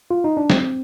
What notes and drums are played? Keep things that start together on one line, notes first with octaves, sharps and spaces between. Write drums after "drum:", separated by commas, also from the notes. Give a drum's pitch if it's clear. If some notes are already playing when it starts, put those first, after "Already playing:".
F4
D#4
D4
C4, drum: snare